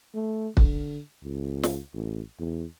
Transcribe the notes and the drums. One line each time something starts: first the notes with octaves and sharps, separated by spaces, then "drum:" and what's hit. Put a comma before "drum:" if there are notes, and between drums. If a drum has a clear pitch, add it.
A3
D3, drum: kick
C#2
drum: snare
A1
E2